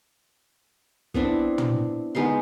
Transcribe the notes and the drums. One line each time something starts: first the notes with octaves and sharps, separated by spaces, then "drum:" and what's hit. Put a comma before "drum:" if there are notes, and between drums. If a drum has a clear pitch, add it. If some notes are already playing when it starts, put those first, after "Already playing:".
B3 C4 D4 E4, drum: kick
drum: tom
G#3 B3 D#4 C6